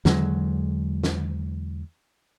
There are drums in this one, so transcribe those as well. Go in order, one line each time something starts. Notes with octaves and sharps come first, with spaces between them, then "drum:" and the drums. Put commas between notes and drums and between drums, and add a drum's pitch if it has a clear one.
E2 D3 F#3 G#3, drum: snare
drum: snare